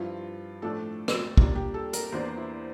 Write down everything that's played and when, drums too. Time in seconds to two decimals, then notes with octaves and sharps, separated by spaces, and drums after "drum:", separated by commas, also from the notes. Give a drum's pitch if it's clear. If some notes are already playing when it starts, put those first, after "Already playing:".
Already playing: G2 F3 C4 E4 F4
0.62 A2 F3 A3 D4 A4
1.08 drum: rim click
1.37 A#2 G3 A#3 D4, drum: kick
1.55 G4
1.74 A4
1.93 A#4, drum: hi-hat
2.12 E2 E3 A#3 D4 C5
2.37 E4